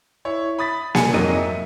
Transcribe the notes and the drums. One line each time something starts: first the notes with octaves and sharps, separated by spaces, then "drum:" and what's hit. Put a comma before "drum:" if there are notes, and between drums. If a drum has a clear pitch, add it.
E4 C#5
B5 D#6 A6 B6
G#5 C#7, drum: snare A#3
F2 G#2 F#3 A#3 D#5 D#7
E5